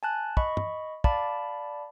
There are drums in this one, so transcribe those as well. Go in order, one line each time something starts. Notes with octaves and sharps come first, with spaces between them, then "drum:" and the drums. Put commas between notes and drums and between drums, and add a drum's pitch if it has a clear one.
G#5 A5 F#6
D#5 B5 C#6, drum: kick
drum: tom
D5 F5 A5 B5 D6, drum: kick